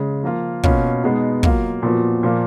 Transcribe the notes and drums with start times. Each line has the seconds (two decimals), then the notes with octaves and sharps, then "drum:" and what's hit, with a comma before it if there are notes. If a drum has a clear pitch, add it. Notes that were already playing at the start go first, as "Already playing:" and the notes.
Already playing: C#3 G#3
0.23 F3 A#3 F4
0.63 B2 A#3 C#4 F4, drum: kick
1.04 B2 G#3 B3 D#4
1.43 F#3 A#3 F4, drum: kick
1.83 A#2 F3 B3 F#4
2.23 A#2 F3 A#3